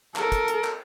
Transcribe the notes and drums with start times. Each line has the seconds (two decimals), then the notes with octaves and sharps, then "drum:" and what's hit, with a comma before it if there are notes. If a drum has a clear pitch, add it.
0.16 A4 A#4, drum: clap
0.32 drum: kick, hi-hat
0.48 drum: hi-hat
0.64 drum: clap